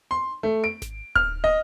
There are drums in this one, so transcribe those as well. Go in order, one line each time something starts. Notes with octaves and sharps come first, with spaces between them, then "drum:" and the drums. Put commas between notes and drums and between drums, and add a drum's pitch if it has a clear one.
C6
A3
D7
drum: snare G#1
F6, drum: kick D1
D#5